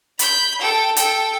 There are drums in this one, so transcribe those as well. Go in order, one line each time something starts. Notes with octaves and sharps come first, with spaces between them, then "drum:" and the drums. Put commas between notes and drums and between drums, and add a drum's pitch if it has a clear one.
B5 G6, drum: hi-hat
A4 G5
A4 G5, drum: hi-hat